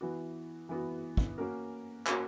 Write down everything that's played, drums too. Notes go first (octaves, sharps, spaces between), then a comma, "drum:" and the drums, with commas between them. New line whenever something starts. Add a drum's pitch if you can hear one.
E3 B3 F#4
E3 B3 F#4
drum: kick
A#3 C#4 F#4 A#4
A#3 C#4 F#4 A#4, drum: clap